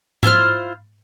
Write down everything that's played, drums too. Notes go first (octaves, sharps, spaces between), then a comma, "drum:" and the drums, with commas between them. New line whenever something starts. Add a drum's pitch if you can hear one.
E4 F4 C5 F6, drum: tom G#2